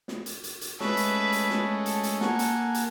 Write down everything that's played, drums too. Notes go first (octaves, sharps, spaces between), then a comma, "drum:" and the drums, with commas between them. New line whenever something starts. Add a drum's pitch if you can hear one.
drum: snare
drum: hi-hat
drum: hi-hat
drum: hi-hat
G#3 A3 C#4 B4 E5, drum: snare
drum: hi-hat
drum: hi-hat
drum: snare
A4
drum: hi-hat
drum: hi-hat
A#3 F#5 G#5, drum: snare
drum: hi-hat
drum: hi-hat